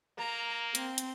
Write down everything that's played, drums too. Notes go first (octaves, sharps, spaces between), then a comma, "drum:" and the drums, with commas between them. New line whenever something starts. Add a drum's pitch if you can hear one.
A#3 A#5
C4, drum: hi-hat
drum: hi-hat